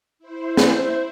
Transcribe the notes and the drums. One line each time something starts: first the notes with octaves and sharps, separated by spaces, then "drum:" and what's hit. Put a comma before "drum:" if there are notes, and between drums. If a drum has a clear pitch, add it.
E4 C5
drum: snare